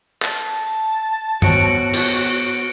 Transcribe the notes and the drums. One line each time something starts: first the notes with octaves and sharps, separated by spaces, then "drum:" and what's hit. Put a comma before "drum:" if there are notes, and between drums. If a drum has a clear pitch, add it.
A5, drum: clap
B3 F#4 C5 C#5 C#7 D7, drum: tom G2
drum: cymbal